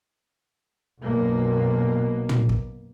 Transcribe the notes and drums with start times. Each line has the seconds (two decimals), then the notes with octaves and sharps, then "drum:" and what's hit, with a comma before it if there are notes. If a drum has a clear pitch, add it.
1.02 B1 F#2 B2 A#3
2.29 drum: tom
2.49 drum: kick